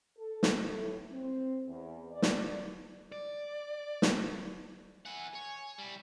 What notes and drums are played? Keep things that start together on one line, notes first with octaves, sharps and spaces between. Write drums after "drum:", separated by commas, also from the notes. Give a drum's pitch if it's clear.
A4
drum: snare
A2
C4
E2
D5
drum: snare
D5
drum: snare
E4 F#5 G#5
C#5
G3 E4